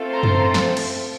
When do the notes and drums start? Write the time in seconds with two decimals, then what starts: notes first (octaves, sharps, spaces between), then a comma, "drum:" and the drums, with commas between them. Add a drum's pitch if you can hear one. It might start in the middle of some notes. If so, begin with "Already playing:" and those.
Already playing: A3 C4 F4 A4
0.12 A#5 C6
0.23 drum: tom F#2
0.54 drum: snare
0.77 drum: cymbal